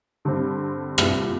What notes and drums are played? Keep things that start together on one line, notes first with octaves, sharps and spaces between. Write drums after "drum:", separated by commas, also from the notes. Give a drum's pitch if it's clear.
G2 D3 G3 C4
C2 A#2 G3, drum: rim click